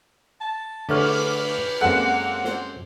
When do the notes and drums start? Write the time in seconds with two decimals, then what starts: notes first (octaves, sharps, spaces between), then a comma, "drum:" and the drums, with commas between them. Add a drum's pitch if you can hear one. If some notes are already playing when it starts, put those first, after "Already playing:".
0.41 A5
0.89 D3 A3 B4 C#5 D6 F6, drum: cymbal
1.81 F#2 G#3 A#3 C4 A4 F#5
2.44 C5, drum: snare